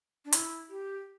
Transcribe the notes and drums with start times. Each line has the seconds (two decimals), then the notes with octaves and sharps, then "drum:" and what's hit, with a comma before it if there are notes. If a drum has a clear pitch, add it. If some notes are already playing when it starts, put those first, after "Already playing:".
0.25 D4
0.33 E4, drum: hi-hat
0.69 G4